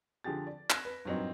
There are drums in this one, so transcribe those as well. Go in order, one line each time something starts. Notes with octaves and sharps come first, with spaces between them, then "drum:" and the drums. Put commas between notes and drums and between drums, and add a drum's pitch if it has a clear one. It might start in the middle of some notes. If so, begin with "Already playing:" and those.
D3 F3 G4 G#4 A6
D5
F#6 G#6 A#6 B6 D7 E7, drum: clap
B4
G2 A#2 F#3 C4 D#4